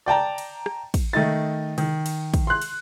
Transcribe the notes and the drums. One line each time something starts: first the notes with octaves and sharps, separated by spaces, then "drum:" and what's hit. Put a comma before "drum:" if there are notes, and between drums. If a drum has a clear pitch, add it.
D5 G5 A5 A#5
drum: cymbal
drum: rim click
drum: kick, cymbal
D#3 A3 D#4 A6
D#3, drum: cymbal
drum: cymbal
drum: kick, cymbal
C6 F#6
drum: cymbal